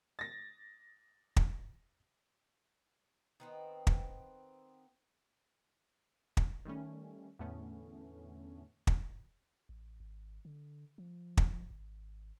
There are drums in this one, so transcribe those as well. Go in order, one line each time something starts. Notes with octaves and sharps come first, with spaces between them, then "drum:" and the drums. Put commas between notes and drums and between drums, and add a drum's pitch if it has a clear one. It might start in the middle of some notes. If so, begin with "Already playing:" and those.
A6 A#6
drum: kick
D#3 B3 C4
drum: kick
drum: kick
D#3 G3 A3 C#4
E2 A2 D3 A3 B3 C#4
drum: kick
A1
G#1
D3
F3
drum: kick
G#1